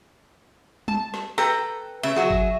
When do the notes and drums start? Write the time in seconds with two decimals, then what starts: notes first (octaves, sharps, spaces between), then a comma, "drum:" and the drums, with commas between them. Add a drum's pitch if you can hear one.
0.88 A5, drum: tom G3
1.14 drum: snare
1.38 A4 B4 G5 A#5, drum: snare
2.03 C#3 E5
2.16 F#3 F#4 G#4
2.31 drum: kick G1